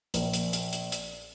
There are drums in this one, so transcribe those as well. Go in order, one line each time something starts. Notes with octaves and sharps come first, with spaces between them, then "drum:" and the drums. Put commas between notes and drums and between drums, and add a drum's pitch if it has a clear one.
A#1, drum: hi-hat
drum: hi-hat
drum: hi-hat
drum: hi-hat
drum: hi-hat